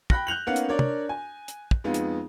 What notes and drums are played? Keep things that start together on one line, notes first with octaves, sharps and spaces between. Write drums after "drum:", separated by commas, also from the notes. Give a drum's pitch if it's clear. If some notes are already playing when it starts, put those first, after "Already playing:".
G5 B5 F#6 A#6, drum: kick
F#6 G6 F7 F#7
A#3 B3 C#4 D#4 F5 F#5
drum: hi-hat
D4 A#4 C#5 D5
drum: tom
G#5
drum: hi-hat
drum: kick
F2 G#3 B3 D#4 F4
drum: hi-hat